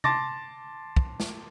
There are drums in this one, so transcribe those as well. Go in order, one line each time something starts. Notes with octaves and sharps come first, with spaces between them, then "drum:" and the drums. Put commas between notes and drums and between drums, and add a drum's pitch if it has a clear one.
A5 C6 D6 A6 A#6, drum: tom C3
drum: kick
drum: snare